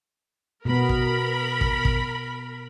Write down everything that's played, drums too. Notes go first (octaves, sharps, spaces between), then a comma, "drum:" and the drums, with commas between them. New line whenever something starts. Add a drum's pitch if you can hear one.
B2 B3 A#4 B5
drum: kick
drum: kick
drum: kick